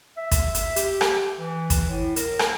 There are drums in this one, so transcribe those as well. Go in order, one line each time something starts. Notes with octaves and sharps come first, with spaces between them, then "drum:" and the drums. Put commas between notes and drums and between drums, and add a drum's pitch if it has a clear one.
E5
drum: kick, hi-hat
drum: hi-hat
G4, drum: hi-hat
drum: rim click
E3
drum: kick, hi-hat
A2
A#4, drum: hi-hat
drum: rim click